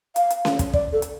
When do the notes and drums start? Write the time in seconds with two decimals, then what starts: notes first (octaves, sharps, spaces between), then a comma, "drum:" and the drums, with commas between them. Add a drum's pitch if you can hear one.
0.16 F5, drum: hi-hat
0.30 drum: hi-hat
0.45 drum: snare C#4
0.59 drum: kick, hi-hat
0.73 D5, drum: kick
0.93 A4
1.02 drum: hi-hat